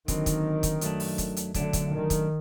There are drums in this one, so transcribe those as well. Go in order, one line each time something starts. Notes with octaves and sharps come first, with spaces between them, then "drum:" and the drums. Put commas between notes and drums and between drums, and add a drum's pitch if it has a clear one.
D#2 D3 D#3 F#3 C4, drum: kick, hi-hat
drum: kick, hi-hat
drum: kick, hi-hat
F#2 F#3 A3 D4, drum: hi-hat
drum: open hi-hat
drum: kick, hi-hat
drum: hi-hat
F#2 D3 F#3 A3 D4, drum: kick, hi-hat
drum: kick, hi-hat
D#3
drum: kick, hi-hat